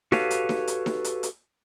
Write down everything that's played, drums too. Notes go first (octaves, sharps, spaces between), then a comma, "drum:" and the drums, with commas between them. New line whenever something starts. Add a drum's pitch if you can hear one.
F#4 G4 A4 B4 C#5 F5, drum: snare D#4
drum: hi-hat
drum: snare D#4
drum: hi-hat
drum: snare D#4
drum: hi-hat
drum: hi-hat